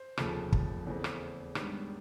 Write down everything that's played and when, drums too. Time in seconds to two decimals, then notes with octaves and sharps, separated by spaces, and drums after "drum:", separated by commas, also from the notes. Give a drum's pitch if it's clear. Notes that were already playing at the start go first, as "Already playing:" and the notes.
Already playing: C5
0.17 F1 D#2 C#3 F3 A3, drum: rim click
0.52 drum: kick
0.87 E2 C#3 E3 A3 C4
1.04 drum: rim click
1.55 G#2 D#3 G3 B3 D4 C#5, drum: rim click